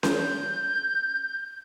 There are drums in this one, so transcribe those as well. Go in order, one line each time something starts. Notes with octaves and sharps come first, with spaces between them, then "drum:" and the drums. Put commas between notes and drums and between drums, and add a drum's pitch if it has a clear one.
G6, drum: snare C#4